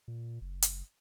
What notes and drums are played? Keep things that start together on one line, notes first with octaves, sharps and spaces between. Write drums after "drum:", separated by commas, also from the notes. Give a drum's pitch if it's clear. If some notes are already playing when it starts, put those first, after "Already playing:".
A#2
F#1
drum: hi-hat